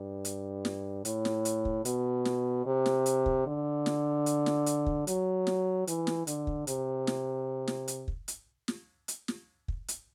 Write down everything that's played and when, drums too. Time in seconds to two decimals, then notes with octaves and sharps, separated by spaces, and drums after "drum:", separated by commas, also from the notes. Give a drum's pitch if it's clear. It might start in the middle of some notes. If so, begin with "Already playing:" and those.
Already playing: G2
0.25 drum: hi-hat
0.65 drum: snare
1.05 A2, drum: hi-hat
1.25 drum: snare
1.45 drum: hi-hat
1.65 drum: kick
1.85 B2, drum: hi-hat
2.25 drum: snare
2.66 C3
2.86 drum: snare
3.06 drum: hi-hat
3.26 drum: kick
3.46 D3
3.86 drum: snare
4.26 drum: hi-hat
4.46 drum: snare
4.66 drum: hi-hat
4.86 drum: kick
5.07 F#3, drum: hi-hat
5.47 drum: snare
5.87 E3, drum: hi-hat
6.07 drum: snare
6.27 D3, drum: hi-hat
6.47 drum: kick
6.67 C3, drum: hi-hat
7.07 drum: snare
7.68 drum: snare
7.88 drum: hi-hat
8.08 drum: kick
8.28 drum: hi-hat
8.68 drum: snare
9.08 drum: hi-hat
9.28 drum: snare
9.68 drum: kick
9.88 drum: hi-hat